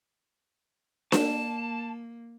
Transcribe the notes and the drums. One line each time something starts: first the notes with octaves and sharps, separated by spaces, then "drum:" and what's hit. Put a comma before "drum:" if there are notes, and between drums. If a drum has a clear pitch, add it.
A#3 A5, drum: snare D4